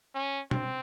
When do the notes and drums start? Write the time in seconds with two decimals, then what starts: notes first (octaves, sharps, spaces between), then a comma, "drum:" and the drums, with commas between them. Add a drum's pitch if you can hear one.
0.15 C#4
0.51 C4, drum: tom